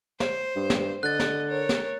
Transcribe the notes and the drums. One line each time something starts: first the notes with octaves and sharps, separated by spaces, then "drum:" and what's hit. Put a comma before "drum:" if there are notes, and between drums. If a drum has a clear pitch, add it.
C5, drum: snare
G2
drum: snare
D3 D#5 F#6 A6
drum: snare
A#4 C#5
drum: snare